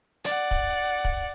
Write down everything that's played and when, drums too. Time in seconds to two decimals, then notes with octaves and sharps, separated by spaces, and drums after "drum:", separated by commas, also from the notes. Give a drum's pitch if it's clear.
0.24 D5 F#5, drum: hi-hat
0.51 drum: kick
1.05 drum: kick